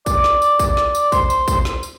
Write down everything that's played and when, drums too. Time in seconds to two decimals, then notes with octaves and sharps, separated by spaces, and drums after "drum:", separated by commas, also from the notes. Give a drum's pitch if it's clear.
0.06 D5, drum: kick, tambourine
0.24 drum: snare
0.42 drum: tambourine
0.59 D5, drum: kick, tambourine
0.77 drum: snare
0.95 drum: tambourine
1.12 C5, drum: kick, tambourine
1.30 drum: tambourine
1.48 drum: kick, tambourine
1.65 drum: snare
1.83 drum: tambourine